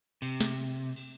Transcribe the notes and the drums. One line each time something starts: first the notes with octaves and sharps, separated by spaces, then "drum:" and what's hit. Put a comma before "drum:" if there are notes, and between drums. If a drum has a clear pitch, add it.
C3, drum: cymbal
drum: snare
drum: cymbal